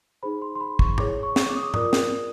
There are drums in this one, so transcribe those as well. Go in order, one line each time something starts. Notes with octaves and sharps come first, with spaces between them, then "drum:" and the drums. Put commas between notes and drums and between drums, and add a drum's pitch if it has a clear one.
D#4 G#4 C5 B5
C6
C6
B5
C#6, drum: kick
E4 G#4 C#5 D6, drum: tom G#2
C#6
drum: snare
D6
D#6
D6
F4 A#4 D5 D#6, drum: tom G#2
drum: snare